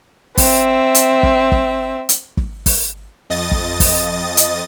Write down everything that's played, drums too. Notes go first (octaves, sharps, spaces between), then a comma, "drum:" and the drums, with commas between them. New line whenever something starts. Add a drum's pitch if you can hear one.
C4 E5, drum: kick, open hi-hat
drum: hi-hat
drum: kick
drum: kick
drum: hi-hat
drum: kick
drum: kick, open hi-hat
F2 D#5 D#6 A6
drum: kick
drum: kick, open hi-hat
drum: hi-hat